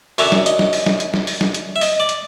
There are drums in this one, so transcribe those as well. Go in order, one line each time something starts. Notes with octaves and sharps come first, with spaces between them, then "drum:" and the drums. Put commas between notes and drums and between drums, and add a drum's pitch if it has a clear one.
F#2 D3 F#3 E5, drum: open hi-hat
drum: snare
D#5, drum: hi-hat
drum: snare
drum: open hi-hat
drum: snare
drum: hi-hat
drum: snare
drum: open hi-hat
drum: snare
drum: hi-hat
E5
D#5, drum: open hi-hat
D5
drum: hi-hat